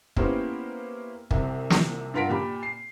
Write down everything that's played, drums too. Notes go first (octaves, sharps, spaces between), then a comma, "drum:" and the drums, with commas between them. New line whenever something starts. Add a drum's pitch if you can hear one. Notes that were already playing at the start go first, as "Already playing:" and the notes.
A#3 B3 C#4 E4 G4 C5, drum: kick
C2 C3, drum: kick
drum: snare
G2 F4 A#4 F#5 B6 D7
A#2 G4 B5
C7